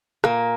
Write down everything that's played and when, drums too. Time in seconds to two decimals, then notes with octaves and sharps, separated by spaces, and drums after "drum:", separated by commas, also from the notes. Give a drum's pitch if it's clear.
0.24 A#2 A#3, drum: rim click